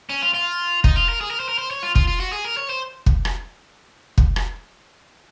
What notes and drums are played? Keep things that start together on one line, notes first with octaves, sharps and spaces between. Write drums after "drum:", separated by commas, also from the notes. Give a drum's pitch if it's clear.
C#4
F4
F4
D#4, drum: kick
F4
A#4
G#4
A#4
C5
A#4
C5
C#5
F4
F4, drum: kick
F4
F#4
G#4
A#4
C#5
C5
drum: kick
drum: rim click
drum: kick
drum: rim click